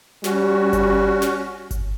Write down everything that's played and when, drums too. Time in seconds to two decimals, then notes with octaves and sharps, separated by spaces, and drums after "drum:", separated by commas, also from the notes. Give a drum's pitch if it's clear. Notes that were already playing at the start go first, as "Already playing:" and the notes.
0.24 G3 C#4 F#4, drum: snare
0.73 drum: kick G1, hi-hat
1.22 drum: snare
1.71 drum: kick G1, hi-hat